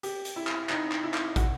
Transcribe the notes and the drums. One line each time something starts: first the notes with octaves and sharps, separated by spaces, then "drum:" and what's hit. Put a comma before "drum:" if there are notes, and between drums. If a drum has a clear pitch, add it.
G4, drum: hi-hat
drum: hi-hat
E4
drum: clap
D#4, drum: clap
drum: clap
E4
drum: clap
F#4, drum: kick, hi-hat